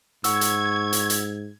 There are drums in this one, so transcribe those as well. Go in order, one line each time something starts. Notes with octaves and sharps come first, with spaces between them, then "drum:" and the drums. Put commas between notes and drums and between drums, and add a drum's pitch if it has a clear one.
G#2 F#5 C#6 E6 G#6, drum: hi-hat
drum: hi-hat
drum: hi-hat
drum: hi-hat